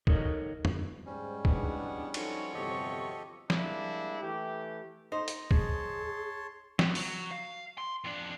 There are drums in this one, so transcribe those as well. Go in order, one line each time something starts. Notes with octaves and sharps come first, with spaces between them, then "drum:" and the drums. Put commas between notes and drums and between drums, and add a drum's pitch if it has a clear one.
D#4 A4 A#4 C#5 D#5, drum: kick
drum: tom
G#2 G3 C#4 C5
E2 B2 B3 D4, drum: kick
F3 F#3 D#4 A4 C#5, drum: cymbal
G1 E2 C3 G4 A4 D#5 C#6
G3 G#3 A#3 D4 E4, drum: snare F3
E3 A3 G4
D#4 C5
drum: hi-hat
G#4 C#5 A5 C6, drum: kick
C#2, drum: snare F3
F#3, drum: open hi-hat
F5
C6
F2 D4